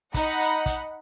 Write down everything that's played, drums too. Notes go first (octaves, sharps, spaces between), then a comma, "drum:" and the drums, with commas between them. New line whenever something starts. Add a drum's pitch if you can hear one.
D#4 D#5 F#5 B5, drum: kick, hi-hat
drum: hi-hat
drum: kick, hi-hat